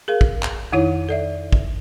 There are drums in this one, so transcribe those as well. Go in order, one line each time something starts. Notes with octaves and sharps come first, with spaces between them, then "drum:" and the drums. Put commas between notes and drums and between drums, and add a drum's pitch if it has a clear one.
G#4 A#4 F5
drum: kick
drum: clap
F2 D#3 D#4 E4 C#5
A4 D5 E5
drum: kick